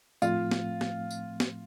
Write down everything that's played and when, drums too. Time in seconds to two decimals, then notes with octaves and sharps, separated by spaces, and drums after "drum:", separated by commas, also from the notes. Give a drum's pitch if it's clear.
0.22 A2 F3 A3 C4 F4, drum: tambourine
0.51 drum: snare
0.81 drum: snare
1.11 drum: tambourine
1.40 drum: snare